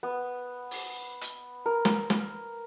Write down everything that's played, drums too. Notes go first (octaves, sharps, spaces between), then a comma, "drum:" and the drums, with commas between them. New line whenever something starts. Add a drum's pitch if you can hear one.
B3
drum: open hi-hat
drum: hi-hat
A#4
drum: snare
drum: snare